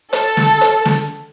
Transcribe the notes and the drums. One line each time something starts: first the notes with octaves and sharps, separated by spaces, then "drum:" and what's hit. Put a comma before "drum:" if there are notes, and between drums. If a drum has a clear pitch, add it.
A4, drum: hi-hat
drum: snare
drum: hi-hat
drum: snare